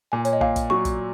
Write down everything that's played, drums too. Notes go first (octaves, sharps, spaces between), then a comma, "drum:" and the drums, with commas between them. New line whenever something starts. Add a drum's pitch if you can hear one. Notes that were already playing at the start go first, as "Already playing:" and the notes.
A#2 G#5
C#5, drum: hi-hat
D#5
A#2 F5, drum: kick
drum: kick, hi-hat
F#3 C#6
drum: kick, hi-hat